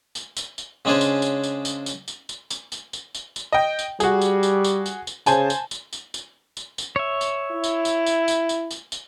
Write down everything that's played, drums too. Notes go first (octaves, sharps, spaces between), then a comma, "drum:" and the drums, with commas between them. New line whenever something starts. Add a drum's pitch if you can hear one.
drum: tambourine
drum: tambourine
drum: tambourine
C#3 G#3 C#4 D4 G#4 C5
drum: tambourine
drum: tambourine
drum: tambourine
drum: tambourine
drum: tambourine
drum: tambourine
drum: tambourine
drum: tambourine
drum: tambourine
drum: tambourine
drum: tambourine
drum: tambourine
D#5 G5
drum: tambourine
G3 F#4 G#4, drum: tambourine
drum: tambourine
drum: tambourine
drum: tambourine
drum: tambourine
drum: tambourine
C#3 C5 G#5 A5, drum: tambourine
drum: tambourine
drum: tambourine
drum: tambourine
drum: tambourine
drum: tambourine
drum: tambourine
C#5 E5
drum: tambourine
E4
drum: tambourine
drum: tambourine
drum: tambourine
drum: tambourine
drum: tambourine
drum: tambourine
drum: tambourine